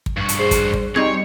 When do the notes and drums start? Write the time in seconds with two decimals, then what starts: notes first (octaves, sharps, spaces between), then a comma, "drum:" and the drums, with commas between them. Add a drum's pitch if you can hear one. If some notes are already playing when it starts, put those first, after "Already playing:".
0.06 drum: kick
0.17 G2 F#4
0.29 drum: hi-hat
0.39 G#4 C5
0.51 drum: kick, hi-hat
0.74 drum: kick
0.96 G3 C4 D#4 G#4 C#5 G#6